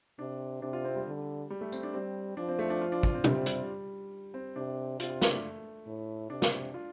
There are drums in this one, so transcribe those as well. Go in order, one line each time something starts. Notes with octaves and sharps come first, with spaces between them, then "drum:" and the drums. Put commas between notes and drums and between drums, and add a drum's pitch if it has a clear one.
C3 D4
C3 D4
F4
C4
G3
D3
G3
A3
C4, drum: tambourine
D4
G3 C4
F3 D4
C4
A3
D4
F4
D4
F4, drum: kick
C4
C3 G3, drum: tom
G3, drum: hi-hat
C4
C3 D4
C3 F4, drum: hi-hat
F4
D4, drum: snare
A3
A2
C3 D4
drum: snare
F4